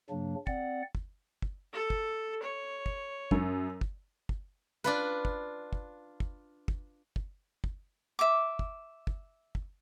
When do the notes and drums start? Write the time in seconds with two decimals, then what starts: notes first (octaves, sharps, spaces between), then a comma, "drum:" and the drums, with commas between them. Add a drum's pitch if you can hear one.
0.10 G2 C#3 F#3 A#3 D4
0.47 C4 D5 F#5, drum: kick
0.95 drum: kick
1.42 drum: kick
1.73 A4
1.90 drum: kick
2.43 C#5
2.86 drum: kick
3.31 F#2, drum: kick
3.81 drum: kick
4.29 drum: kick
4.84 D4 F4 B4
5.25 drum: kick
5.73 drum: kick
6.20 drum: kick
6.68 drum: kick
7.16 drum: kick
7.64 drum: kick
8.19 E5 D6
8.59 drum: kick
9.07 drum: kick
9.55 drum: kick